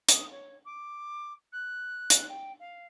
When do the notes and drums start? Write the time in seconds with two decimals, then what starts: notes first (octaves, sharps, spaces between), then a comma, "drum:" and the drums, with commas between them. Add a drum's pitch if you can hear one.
0.09 D#6, drum: hi-hat
0.31 C#5
0.65 D6
1.52 F#6
2.10 drum: hi-hat
2.29 G5
2.60 F5